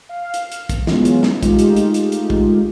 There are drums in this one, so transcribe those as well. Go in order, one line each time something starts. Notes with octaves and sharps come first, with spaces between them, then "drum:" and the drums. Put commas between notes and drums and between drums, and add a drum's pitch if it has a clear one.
F5
drum: hi-hat
drum: hi-hat
drum: kick, hi-hat
E3 F#3 G#3 B3 C#4 F4, drum: snare
drum: hi-hat
drum: snare
G#3 A3 D#4 F4 G4, drum: kick, hi-hat
drum: hi-hat
drum: hi-hat
drum: hi-hat
drum: hi-hat
drum: kick